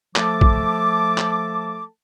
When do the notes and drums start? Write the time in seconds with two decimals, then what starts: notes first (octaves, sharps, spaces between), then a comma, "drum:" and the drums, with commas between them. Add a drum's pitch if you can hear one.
0.16 F3 A3 A4 A5 D6, drum: clap
0.41 drum: kick
1.18 drum: clap